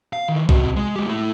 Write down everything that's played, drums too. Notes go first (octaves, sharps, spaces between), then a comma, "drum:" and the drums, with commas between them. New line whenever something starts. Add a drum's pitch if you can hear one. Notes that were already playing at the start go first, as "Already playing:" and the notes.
F5
D#3 E3
C3 F#4, drum: kick B1
G#3
G#3 G4
A2 E4